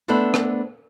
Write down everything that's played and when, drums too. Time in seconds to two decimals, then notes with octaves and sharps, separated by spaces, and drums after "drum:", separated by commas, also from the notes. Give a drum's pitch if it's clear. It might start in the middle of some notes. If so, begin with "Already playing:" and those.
0.08 A3 B3 D4 A4 C5 D5
0.34 drum: rim click